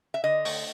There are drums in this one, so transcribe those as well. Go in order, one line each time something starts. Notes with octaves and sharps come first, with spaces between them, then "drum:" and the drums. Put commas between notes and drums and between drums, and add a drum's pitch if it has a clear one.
E5
D3 D#5
A3, drum: open hi-hat